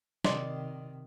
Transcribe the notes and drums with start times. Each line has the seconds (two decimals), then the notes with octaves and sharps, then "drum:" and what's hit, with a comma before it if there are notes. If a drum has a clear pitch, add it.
0.24 C3 D#3 D5 D#5 C6, drum: snare